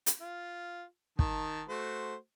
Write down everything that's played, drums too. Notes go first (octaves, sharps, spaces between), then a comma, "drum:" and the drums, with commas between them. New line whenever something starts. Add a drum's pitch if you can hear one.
drum: hi-hat
F4
D#3 A5, drum: kick
A3 F#4 C5